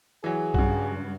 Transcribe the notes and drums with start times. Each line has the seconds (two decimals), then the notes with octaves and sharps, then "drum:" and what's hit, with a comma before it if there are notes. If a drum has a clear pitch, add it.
0.24 E3 F#3 G#4
0.54 G2 C#3 F#4, drum: kick A#1